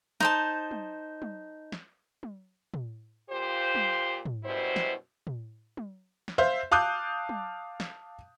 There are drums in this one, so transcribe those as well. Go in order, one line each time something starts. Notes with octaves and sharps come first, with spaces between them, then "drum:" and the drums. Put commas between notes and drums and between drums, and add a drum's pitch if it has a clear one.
D#4 C5 A5, drum: snare
drum: tom
drum: tom
drum: snare
drum: tom
drum: tom
A#2 F4 G4 C5
drum: tom
drum: tom
F#2 B2 G3 E4 C5
drum: snare
drum: tom
drum: tom
drum: snare
C5 E5 F5
F5 A5 D6 D#6 F#6 G6
drum: tom
drum: snare